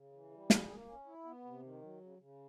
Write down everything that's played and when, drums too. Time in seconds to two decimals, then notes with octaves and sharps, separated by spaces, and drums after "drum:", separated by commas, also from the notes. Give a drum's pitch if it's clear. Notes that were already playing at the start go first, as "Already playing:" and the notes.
Already playing: C#3
0.12 E3
0.31 G3
0.50 G#4, drum: snare
0.69 A#3
0.88 C#4
1.06 E4
1.25 B3
1.44 C3
1.62 D#3
1.82 F#3
2.00 C#3
2.18 C#3